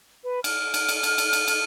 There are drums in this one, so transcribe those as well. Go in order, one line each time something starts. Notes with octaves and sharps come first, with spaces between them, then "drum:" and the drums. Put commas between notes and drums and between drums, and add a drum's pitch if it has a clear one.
B4
F6, drum: cymbal
drum: cymbal
drum: cymbal
drum: cymbal
drum: cymbal
drum: cymbal
drum: cymbal